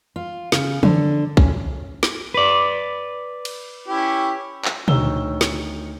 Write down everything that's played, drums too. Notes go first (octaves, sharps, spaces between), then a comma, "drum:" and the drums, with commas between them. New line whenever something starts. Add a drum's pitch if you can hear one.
F4
C#3, drum: snare
D3, drum: tom
C#4, drum: kick
drum: snare
B4 D5
drum: cymbal
C#4 E4 G4
drum: clap
D2 D#3 C#5 E6 G7, drum: tom
drum: snare